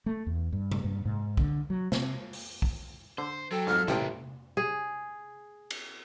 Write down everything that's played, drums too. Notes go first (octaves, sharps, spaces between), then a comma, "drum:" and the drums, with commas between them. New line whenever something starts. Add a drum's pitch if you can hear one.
A3
E2
G2
drum: tom C3
G2
G#2
D3, drum: kick
F#3
C3, drum: snare
drum: open hi-hat
drum: kick
D3 C5
F#3 A4 G5
F2 G#2 F6
A1 F3 E4 A#4 G5, drum: tom C3
G#4
drum: cymbal